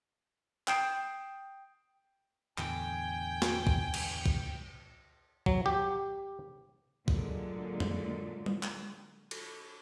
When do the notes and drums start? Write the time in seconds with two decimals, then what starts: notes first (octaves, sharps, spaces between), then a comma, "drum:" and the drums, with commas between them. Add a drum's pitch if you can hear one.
0.68 G5 D#6 G6 C7 D7 E7, drum: clap
2.58 E2 A2 D3 G5 G#5, drum: clap
3.42 drum: snare
3.67 drum: kick
3.94 drum: cymbal
4.26 drum: kick
5.46 F#3, drum: kick
5.66 G4
7.08 A#2 D3 F#3 G#3, drum: kick
7.80 drum: tom F2
8.46 drum: tom
8.63 drum: clap
9.31 drum: cymbal